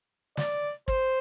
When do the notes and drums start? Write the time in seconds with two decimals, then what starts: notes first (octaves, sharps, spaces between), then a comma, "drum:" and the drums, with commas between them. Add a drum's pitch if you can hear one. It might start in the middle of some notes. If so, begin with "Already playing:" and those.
0.37 D5, drum: snare
0.88 C5, drum: kick